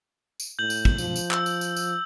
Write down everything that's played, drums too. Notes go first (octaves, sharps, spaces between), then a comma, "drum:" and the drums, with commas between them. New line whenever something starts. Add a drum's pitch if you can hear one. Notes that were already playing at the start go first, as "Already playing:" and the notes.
drum: tambourine
A2 G6 F#7
drum: tambourine
drum: kick
F3, drum: tambourine
drum: tambourine
E6, drum: clap
drum: tambourine
drum: tambourine
drum: tambourine